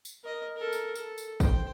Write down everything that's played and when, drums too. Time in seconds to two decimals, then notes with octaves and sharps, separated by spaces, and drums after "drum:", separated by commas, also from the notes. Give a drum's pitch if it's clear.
0.05 drum: tambourine
0.24 A#4 D#5
0.56 A4 A#4
0.73 drum: tambourine
0.95 A4, drum: tambourine
1.18 drum: tambourine
1.40 C5 G5, drum: kick, tambourine